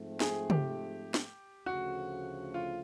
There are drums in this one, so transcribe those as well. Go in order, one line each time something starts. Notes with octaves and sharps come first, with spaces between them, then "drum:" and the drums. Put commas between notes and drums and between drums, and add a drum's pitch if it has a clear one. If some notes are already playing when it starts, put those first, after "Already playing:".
Already playing: G#2 F3 A3 C4
G#4, drum: snare
G4, drum: tom
drum: snare
D2 C#3 F3 A3 F#4
F4